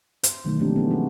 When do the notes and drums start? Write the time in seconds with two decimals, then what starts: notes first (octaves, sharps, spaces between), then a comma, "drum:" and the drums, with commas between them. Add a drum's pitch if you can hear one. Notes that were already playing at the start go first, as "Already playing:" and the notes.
0.23 C5, drum: hi-hat
0.45 B2 D#3 E3 F#3 A3 D#4
0.59 F3 A3 A#3 C4 D4 G4
0.76 B3 D#4 G#4
0.91 F#3 C4 D#4 F#4